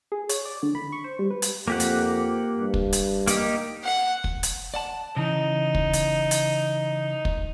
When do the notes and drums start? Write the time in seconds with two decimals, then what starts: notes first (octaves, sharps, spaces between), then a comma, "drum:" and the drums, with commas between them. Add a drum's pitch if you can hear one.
0.12 G#4
0.29 C#5, drum: hi-hat
0.45 D5
0.63 D3
0.75 B5
0.92 C#6
1.04 C5
1.19 G3
1.31 B4
1.42 drum: hi-hat
1.68 F2 A#3 G4 F#5
1.80 drum: hi-hat
2.59 G2
2.74 drum: kick
2.93 drum: hi-hat
3.27 A#3 D#4 G4, drum: hi-hat
3.84 F#5
4.24 drum: kick
4.43 drum: hi-hat
4.74 D5 F#5 A5
5.17 C#3 E3 D#4
5.75 drum: kick
5.93 drum: hi-hat
6.31 drum: hi-hat
7.25 drum: kick